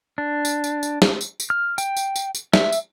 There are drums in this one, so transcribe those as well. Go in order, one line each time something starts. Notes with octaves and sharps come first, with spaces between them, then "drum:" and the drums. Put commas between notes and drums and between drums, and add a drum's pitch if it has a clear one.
D4
drum: tambourine
drum: tambourine
drum: tambourine
drum: snare
drum: tambourine
drum: tambourine
F6
G5, drum: tambourine
drum: tambourine
drum: tambourine
drum: tambourine
E5, drum: snare
drum: tambourine